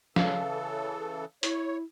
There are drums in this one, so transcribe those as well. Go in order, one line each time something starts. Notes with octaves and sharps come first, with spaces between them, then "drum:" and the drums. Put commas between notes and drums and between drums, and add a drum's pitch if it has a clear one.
C#3 E3 A4 F5, drum: snare
E4 C#5, drum: hi-hat